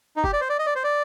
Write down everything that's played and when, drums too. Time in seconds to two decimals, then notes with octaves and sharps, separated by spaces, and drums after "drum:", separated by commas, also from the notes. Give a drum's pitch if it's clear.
0.16 D#4
0.24 G4, drum: kick
0.33 D5
0.41 C5
0.50 D5
0.59 D#5
0.66 D5
0.76 C5
0.84 D5